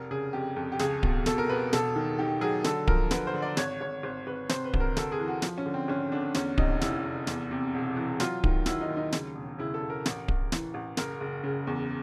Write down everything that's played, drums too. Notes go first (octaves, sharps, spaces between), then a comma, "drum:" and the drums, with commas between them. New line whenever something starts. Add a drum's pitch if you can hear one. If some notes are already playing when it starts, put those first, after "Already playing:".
Already playing: F1 A#4
C#3 G#4
F2 G4
F2
G4
C#2 G#4, drum: snare
B2, drum: kick D1
B2 A4, drum: snare
A#4
B2 B4
E1 A4, drum: snare
D#3
D#3 G4
F#3 G#4
D3 A4, drum: snare
F3 A#4, drum: kick D1
D3 B4, drum: snare
C5
D3
D5
G#1 C#5, drum: snare
G#1 C#5
G#1 C5
G#1 B4
C3 C5, drum: snare
B4
D2, drum: kick D1
A#4
D2 A4, drum: snare
G#4
E3
F#4
F3, drum: snare
C#4
D3
C4
G#1 C#4
D3 D4
E2 C#4, drum: snare
F1 D#4, drum: kick D1
F1 E4, drum: snare
F1
E2, drum: snare
C3
E1
E3
F#3 F4, drum: snare
D#3, drum: kick D1
F#3 E4, drum: snare
D#4
D#2
D#4
C#3, drum: snare
E1
C#3 E4
A4
E1
A#4
A1, drum: snare
A1, drum: kick D1
E3, drum: snare
A1
F#1 A#4, drum: snare
F#1
C#3
E2